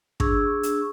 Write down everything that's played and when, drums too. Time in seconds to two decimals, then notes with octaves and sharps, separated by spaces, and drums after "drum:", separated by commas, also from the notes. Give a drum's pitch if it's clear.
0.20 D4 G#4 C#6 E6, drum: kick
0.63 drum: hi-hat